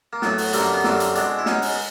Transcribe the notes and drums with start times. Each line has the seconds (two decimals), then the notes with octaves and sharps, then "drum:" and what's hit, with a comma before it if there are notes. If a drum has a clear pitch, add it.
0.13 A#3
0.22 A2 F#3 A3 B3, drum: snare
0.38 drum: open hi-hat
0.53 F#2 D3 G3 A#3 C4, drum: hi-hat
0.63 A#3
0.74 B3
0.84 F#2 D3 G3 A#3 C4, drum: snare
1.00 drum: hi-hat
1.15 B2 G#3 C4 D4, drum: hi-hat
1.39 E4
1.46 B2 G#3 C#4 D#4, drum: snare
1.62 drum: open hi-hat